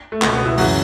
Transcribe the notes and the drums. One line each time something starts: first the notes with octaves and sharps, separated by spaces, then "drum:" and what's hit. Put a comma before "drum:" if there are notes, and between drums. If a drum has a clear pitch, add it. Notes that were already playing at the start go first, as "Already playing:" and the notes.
A3
C#2 B2 B3, drum: clap
B3
E4
F#2 C#3 E3 F#4, drum: open hi-hat